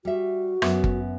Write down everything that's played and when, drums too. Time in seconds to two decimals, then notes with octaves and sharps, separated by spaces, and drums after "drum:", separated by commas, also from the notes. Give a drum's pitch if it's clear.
0.05 G3 F#4 E5
0.62 F#2 B3 E5, drum: rim click
0.84 drum: kick G1